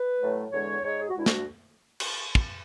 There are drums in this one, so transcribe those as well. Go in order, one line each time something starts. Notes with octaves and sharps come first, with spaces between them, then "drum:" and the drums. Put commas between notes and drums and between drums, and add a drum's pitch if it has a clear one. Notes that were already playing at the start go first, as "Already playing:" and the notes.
Already playing: B4
A2 F#3 A3
E2 D3 G#3 C#5
G#2 G#3 C#5
G#4
F#4
D2 D3 G#3 E4
F#4, drum: snare
drum: cymbal
drum: kick